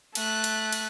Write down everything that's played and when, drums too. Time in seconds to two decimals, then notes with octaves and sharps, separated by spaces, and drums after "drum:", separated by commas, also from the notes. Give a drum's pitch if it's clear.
0.15 A3 F#6, drum: cymbal
0.44 drum: cymbal
0.73 drum: cymbal